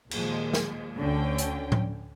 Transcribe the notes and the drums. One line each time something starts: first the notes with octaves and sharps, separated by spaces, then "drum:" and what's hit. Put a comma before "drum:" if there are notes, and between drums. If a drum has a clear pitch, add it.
D#2 A#2 F3 G#3, drum: cymbal
drum: snare
D2 D3 C#4 G5
drum: hi-hat
drum: tom A2